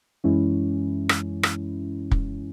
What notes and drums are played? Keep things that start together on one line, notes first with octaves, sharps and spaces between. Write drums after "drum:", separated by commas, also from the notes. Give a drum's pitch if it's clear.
F#2 E3 G#3 C#4 E4
drum: rim click
drum: rim click
drum: kick